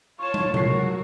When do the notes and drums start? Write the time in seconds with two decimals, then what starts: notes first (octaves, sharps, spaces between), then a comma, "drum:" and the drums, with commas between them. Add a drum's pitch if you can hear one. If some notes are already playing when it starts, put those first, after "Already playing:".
0.19 F4 C#5 A5 C#6 E7
0.34 drum: tom
0.54 F#3 F#4 A#4 C#6 C7, drum: tom C3